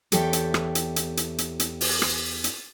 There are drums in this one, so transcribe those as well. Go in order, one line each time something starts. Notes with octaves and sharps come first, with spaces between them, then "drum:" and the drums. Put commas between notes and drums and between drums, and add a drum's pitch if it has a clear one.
E2 G4 A4 C#5 E5 G5, drum: hi-hat
drum: hi-hat
drum: rim click
drum: hi-hat
drum: hi-hat
drum: hi-hat
drum: hi-hat
drum: hi-hat
drum: open hi-hat
drum: rim click
drum: hi-hat